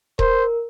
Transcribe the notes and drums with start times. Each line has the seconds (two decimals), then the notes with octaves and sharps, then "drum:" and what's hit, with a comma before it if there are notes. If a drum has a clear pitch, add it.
0.19 A#4 C5, drum: kick D#1